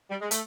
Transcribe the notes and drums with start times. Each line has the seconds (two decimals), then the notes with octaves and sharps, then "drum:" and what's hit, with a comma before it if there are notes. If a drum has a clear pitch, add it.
0.10 G3
0.21 G#3
0.31 A3, drum: hi-hat